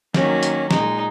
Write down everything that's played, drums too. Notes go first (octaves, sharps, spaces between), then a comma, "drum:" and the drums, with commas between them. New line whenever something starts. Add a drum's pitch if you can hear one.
D#3 F#3 A#3 C#4 F#4, drum: snare
drum: hi-hat
A#2 G#3 D#4, drum: snare